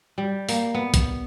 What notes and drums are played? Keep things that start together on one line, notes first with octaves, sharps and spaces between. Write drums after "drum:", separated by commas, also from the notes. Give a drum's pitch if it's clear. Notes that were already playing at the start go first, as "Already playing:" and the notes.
G3
A#3, drum: open hi-hat
B3
drum: kick, hi-hat